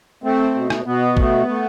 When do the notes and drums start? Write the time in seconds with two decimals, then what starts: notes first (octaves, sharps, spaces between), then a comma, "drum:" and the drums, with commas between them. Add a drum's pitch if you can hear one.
0.24 A3 C4
0.55 B2
0.70 drum: rim click
0.86 B2 B3
1.17 A3, drum: kick
1.48 A3